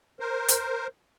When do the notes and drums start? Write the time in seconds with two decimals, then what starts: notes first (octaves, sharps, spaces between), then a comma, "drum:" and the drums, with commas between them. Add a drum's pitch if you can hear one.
0.20 A#4 C5
0.48 drum: hi-hat